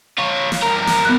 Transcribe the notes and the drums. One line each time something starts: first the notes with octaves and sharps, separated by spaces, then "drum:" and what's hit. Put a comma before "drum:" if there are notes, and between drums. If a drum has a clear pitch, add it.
F4 C#5
drum: snare
G2 A#4
drum: snare
B3 F#6